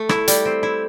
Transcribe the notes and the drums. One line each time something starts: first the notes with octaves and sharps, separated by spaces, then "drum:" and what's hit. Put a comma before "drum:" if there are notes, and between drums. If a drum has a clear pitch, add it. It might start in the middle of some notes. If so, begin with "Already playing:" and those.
Already playing: A3
E4, drum: rim click
G3, drum: hi-hat
C4
E4